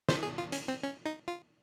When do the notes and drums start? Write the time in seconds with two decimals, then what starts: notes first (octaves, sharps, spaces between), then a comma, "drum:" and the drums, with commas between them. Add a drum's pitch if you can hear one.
0.09 C5, drum: snare
0.23 G#4
0.38 F4
0.52 C#4, drum: hi-hat
0.68 C4
0.83 C#4
1.05 D#4
1.28 F4